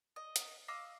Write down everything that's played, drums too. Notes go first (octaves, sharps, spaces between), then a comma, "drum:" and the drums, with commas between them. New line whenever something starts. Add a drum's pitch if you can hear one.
D#5
drum: hi-hat
D#5 F5 D6 E6